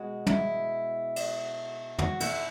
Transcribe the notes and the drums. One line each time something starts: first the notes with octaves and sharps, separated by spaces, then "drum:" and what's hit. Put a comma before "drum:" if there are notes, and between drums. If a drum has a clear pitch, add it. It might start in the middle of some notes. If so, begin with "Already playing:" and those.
Already playing: B2 G#3 F#4
E4, drum: tom
drum: cymbal
F#4, drum: tom
E4, drum: cymbal